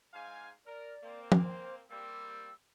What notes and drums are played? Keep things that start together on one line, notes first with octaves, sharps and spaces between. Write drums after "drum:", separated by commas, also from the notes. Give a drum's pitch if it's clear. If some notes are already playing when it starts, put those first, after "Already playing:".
G#2 F5 G#5
A#4 D5
A#3 C4
drum: tom
C5
G3 A#3 C4 E6